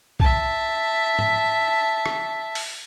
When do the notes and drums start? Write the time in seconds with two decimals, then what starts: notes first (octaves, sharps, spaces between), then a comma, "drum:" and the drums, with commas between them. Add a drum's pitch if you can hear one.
0.20 E5 A5, drum: kick B1
1.19 drum: tom
2.06 drum: rim click
2.55 drum: open hi-hat